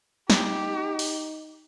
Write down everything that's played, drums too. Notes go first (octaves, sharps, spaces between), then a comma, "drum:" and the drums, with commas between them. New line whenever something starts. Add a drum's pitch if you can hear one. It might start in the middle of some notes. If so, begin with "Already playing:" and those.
D#4 G4, drum: snare
drum: open hi-hat